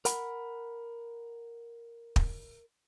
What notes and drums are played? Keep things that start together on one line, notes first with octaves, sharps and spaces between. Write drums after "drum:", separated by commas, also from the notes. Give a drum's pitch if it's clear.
A#4 F#5 B5, drum: hi-hat
drum: kick